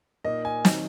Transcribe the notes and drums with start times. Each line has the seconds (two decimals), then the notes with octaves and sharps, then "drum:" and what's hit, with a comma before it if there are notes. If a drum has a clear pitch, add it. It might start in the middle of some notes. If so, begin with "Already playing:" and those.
0.24 A#2 A#3 D#4 D#5
0.45 G#5
0.65 D#3 F#3 D#4, drum: snare